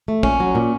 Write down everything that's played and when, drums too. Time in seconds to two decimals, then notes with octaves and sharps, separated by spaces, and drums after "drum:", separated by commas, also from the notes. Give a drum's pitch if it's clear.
0.08 A3
0.23 A#2 C#4, drum: kick
0.40 F#3
0.55 A#2